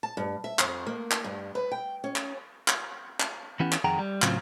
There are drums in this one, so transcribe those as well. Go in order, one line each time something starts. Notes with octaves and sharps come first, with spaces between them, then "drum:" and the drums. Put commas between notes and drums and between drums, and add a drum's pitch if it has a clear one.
A5
G2
E5
F2, drum: clap
A#3
drum: clap
G2
B4
G5
C#4
drum: clap
drum: clap
drum: clap
E3 B3 C#4 E4 G4 F#5
drum: clap
F2 D#3 G#4 F#5 G5 A#5
G3
A2 C#3 F#3 C4 F4, drum: clap